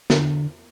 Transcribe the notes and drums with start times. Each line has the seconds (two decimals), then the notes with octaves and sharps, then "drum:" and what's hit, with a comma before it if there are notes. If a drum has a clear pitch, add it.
0.10 D3, drum: snare